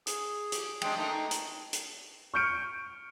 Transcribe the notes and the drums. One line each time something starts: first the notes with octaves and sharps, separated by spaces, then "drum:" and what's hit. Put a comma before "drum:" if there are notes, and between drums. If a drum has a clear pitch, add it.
G#4, drum: hi-hat
G4, drum: hi-hat
G#3 C4 D4 G5, drum: cymbal
A3 A#3 D#4
drum: hi-hat
drum: hi-hat
C#6 F6 G6 C#7 D7